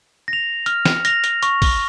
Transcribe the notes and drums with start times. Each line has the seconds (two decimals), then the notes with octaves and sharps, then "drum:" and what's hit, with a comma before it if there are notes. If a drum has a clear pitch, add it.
0.28 A#6
0.33 F7
0.66 F6, drum: hi-hat
0.85 drum: snare
1.05 A#6 F7, drum: hi-hat
1.24 drum: hi-hat
1.43 C#6, drum: hi-hat
1.62 drum: kick, open hi-hat